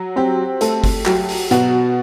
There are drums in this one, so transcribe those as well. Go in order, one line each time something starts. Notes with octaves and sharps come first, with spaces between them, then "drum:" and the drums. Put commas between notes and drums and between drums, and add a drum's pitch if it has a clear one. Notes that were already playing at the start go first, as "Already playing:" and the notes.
Already playing: F#3 F#4
C4 G4
A3 A4, drum: hi-hat
drum: kick G1, open hi-hat
F#3 G4, drum: clap
drum: open hi-hat
B2 F#4, drum: hi-hat